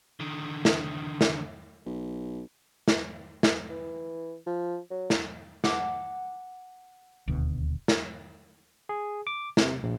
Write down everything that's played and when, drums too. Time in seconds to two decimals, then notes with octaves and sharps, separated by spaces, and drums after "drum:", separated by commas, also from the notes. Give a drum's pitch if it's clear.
0.20 D3 D#3
0.65 drum: snare
1.21 drum: snare
1.86 B1
2.88 drum: snare
3.43 drum: snare
3.70 E3
4.47 F3
4.91 F#3
5.10 drum: snare
5.64 F#5 A5 D6, drum: snare
7.28 D#1 D2 B2
7.88 drum: snare
8.89 G#4
9.27 D6
9.57 C3, drum: snare
9.83 A#1